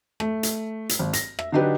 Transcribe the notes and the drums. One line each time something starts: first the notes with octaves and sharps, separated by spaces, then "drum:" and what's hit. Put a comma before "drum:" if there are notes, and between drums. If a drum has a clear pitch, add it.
A3, drum: rim click
drum: hi-hat
drum: hi-hat
G#1
A#6, drum: hi-hat
E5, drum: rim click
D3 F#3 D4 D#4 G4 B4